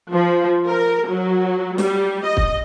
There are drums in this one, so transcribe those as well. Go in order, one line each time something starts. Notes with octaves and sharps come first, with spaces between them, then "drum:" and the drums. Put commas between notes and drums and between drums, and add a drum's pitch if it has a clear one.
F3
A#4
F#3
G3, drum: snare
D#5
drum: kick